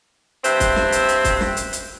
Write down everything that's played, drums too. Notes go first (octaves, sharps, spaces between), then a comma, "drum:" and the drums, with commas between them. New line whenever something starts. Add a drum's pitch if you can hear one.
G2 C4 C5 E5, drum: hi-hat
drum: kick, hi-hat
drum: snare
drum: hi-hat
drum: hi-hat
drum: kick, hi-hat
drum: snare
drum: hi-hat
drum: hi-hat